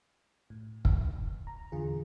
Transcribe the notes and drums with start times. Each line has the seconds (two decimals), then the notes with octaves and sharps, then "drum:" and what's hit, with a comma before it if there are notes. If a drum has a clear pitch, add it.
0.50 A2
0.85 drum: kick
1.47 A#5
1.72 E2 A#2 D3 F4 G#4